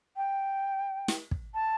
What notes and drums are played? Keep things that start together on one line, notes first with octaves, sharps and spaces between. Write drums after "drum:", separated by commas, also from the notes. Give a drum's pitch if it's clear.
G5
drum: snare
drum: kick
A5